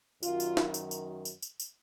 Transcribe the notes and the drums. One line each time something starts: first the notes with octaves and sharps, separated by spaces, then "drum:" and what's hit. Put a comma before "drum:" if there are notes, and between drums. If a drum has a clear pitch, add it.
F#2 D#3 F#3 F4, drum: tambourine
drum: tambourine
drum: snare
drum: tambourine
drum: tambourine
drum: tambourine
drum: tambourine
drum: tambourine